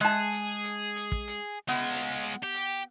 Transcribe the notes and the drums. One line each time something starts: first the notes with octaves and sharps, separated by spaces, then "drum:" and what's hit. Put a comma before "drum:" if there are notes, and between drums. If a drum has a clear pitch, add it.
G#3 G#4 A5
drum: hi-hat
drum: hi-hat
drum: hi-hat
drum: kick
drum: hi-hat
G#3 B3 F4
drum: open hi-hat
drum: hi-hat
G4
drum: hi-hat